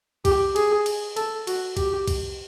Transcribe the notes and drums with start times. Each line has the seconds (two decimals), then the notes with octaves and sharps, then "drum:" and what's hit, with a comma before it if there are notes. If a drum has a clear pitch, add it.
0.25 G4, drum: kick C2, cymbal
0.56 G#4, drum: cymbal
0.86 drum: cymbal
1.17 A4, drum: cymbal
1.47 F#4, drum: cymbal
1.77 G4, drum: kick C2, cymbal
2.07 drum: kick C2, cymbal